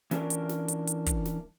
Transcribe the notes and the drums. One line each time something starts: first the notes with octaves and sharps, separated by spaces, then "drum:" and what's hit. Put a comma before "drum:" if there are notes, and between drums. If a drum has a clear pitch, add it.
E3 C#4 D4 F4 A#4, drum: snare
drum: hi-hat
drum: snare
drum: hi-hat
drum: hi-hat
drum: kick, hi-hat
drum: snare